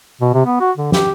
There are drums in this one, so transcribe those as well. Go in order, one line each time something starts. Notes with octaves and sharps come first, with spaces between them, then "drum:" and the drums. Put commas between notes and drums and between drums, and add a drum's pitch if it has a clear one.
B2
C3
B3
F#4
D3
G4, drum: snare